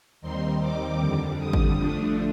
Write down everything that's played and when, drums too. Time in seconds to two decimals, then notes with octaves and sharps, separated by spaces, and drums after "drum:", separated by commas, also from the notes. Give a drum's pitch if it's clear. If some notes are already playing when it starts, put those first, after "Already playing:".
0.21 D#2 D#3 G3 C4 D#4 C6
0.61 D6
0.99 F2 D3 G3
1.38 D#6
1.53 drum: kick G#1
1.76 D3 F3 A3 D4